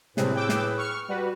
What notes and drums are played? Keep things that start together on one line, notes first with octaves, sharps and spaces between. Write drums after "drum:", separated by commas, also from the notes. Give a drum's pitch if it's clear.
A2 C3 G3 C4 G#4 B4, drum: snare
G5 D6 E6
drum: snare
C#6 F6
G3 F#4 B4